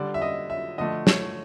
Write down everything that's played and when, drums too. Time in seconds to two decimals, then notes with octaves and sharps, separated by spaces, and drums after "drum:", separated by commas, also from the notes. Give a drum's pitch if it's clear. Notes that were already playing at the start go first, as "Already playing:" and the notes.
Already playing: D3 G3 D5
0.14 E5
0.22 D#5
0.50 E5
0.78 D3 F3 A3 D#5
1.07 C#5, drum: snare